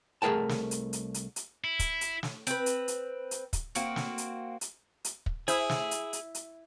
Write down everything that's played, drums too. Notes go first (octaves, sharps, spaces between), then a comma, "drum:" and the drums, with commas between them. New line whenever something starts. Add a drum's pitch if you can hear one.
C2 A3 G#4 A#4 G5 A5
drum: snare
drum: hi-hat
drum: hi-hat
drum: hi-hat
drum: hi-hat
E4
drum: kick, hi-hat
drum: hi-hat
drum: snare
C4 B4, drum: hi-hat
drum: hi-hat
drum: hi-hat
drum: hi-hat
drum: kick, hi-hat
A#3 C4 F#4, drum: hi-hat
drum: snare
drum: hi-hat
drum: hi-hat
drum: hi-hat
drum: kick
E4 G#4 C5 D#6, drum: hi-hat
drum: snare
drum: hi-hat
drum: hi-hat
drum: hi-hat